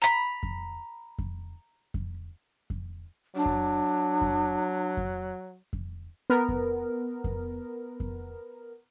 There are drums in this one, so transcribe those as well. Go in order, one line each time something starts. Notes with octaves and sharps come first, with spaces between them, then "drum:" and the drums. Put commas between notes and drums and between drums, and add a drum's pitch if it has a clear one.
A#5 B5
drum: kick F2
drum: kick F2
drum: kick F2
drum: kick F2
F#3 D4
drum: kick F2
drum: kick F2
drum: kick F2
drum: kick F2
B3 A#4
drum: kick F2
drum: kick F2
drum: kick F2